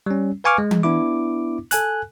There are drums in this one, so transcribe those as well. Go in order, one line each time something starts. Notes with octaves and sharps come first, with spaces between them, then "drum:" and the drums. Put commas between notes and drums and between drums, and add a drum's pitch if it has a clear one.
G3 C#4
B4 F5 G#5 C#6 D6 F6
G#3
drum: tom E3
B3 D4 E4 D6
A4 G#5 F#6, drum: hi-hat